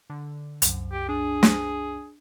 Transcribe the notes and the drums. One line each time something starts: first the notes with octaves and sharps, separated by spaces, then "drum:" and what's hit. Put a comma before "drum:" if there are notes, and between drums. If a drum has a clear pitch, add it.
D3
C2 F#2, drum: hi-hat
G4
D4 G#4
drum: snare